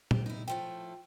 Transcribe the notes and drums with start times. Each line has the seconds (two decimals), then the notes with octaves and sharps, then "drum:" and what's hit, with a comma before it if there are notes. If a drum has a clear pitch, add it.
0.11 G4, drum: tom
0.26 D#4 E4
0.48 A2 F3 A3 G5